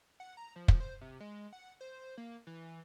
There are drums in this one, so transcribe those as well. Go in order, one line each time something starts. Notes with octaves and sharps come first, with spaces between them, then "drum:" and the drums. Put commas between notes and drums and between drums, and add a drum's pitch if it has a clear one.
F#5
A#5
F3
drum: kick
C5
C3
G#3
F#5
C5
A#3
E3